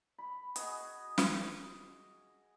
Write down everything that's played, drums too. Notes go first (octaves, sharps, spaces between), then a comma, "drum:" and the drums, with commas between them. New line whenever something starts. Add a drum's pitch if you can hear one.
B5
F#4 G#4 D#5, drum: hi-hat
drum: snare